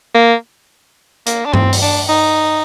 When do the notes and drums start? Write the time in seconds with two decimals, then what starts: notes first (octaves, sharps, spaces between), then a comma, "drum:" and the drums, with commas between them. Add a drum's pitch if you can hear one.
0.15 A#3
1.26 A#3, drum: hi-hat
1.46 D4
1.53 C4, drum: tom G2
1.73 drum: open hi-hat
1.82 D4
2.09 D#4